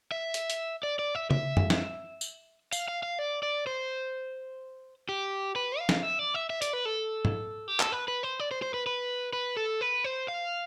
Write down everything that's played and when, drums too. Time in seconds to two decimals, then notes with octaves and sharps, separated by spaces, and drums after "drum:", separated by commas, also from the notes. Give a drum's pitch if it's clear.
0.12 E5
0.34 drum: hi-hat
0.50 drum: hi-hat
0.83 D5
0.99 D5
1.15 E5
1.31 E5, drum: tom C#3
1.57 drum: tom F#2
1.70 drum: snare
2.21 drum: tambourine
2.73 F5, drum: tambourine
2.88 F5
3.03 F5
3.19 D5
3.43 D5
3.67 C5
5.09 G4
5.56 B4
5.79 F5
5.89 drum: snare
6.03 E5
6.19 D5
6.34 E5
6.50 E5
6.62 D5, drum: hi-hat
6.73 B4
6.85 A4
7.25 drum: tom G#2
7.68 G4
7.80 A4, drum: clap
7.92 B4
8.08 B4
8.23 C5
8.40 D5
8.51 C5
8.62 C5
8.74 B4
8.86 B4
9.33 B4
9.57 A4
9.81 B4
10.04 C5
10.28 F5